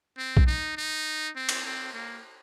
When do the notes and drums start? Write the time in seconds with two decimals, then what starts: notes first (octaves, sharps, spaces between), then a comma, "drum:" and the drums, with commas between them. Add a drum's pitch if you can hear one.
0.18 C4
0.37 drum: kick B1
0.47 D#4
0.77 D#4
1.36 C4
1.49 drum: cymbal
1.65 C4
1.94 A#3